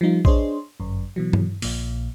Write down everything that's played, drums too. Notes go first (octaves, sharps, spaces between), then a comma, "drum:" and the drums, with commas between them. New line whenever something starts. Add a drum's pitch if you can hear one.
F3 G3 D#4 F4
D4 G#4 C5 C#5 D#5 C6, drum: kick
G1 F#2
B2 E3 F#3
drum: tom G2
A#1 A#2, drum: open hi-hat